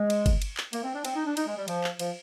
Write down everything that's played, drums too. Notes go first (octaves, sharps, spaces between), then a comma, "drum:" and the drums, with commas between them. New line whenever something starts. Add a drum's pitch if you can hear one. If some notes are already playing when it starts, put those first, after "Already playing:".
Already playing: G#3
drum: cymbal
drum: kick G1, cymbal
drum: cymbal
drum: clap
A#3, drum: cymbal
C4
D4
C4, drum: cymbal
D#4
D4
D#4, drum: cymbal
G#3
G3
F3, drum: cymbal
drum: clap
F3, drum: cymbal